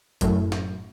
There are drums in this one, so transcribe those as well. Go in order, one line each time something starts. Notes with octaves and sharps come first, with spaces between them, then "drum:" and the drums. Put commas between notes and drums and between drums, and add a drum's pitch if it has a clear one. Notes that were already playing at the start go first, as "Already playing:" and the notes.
F#2 A2, drum: kick, hi-hat
drum: snare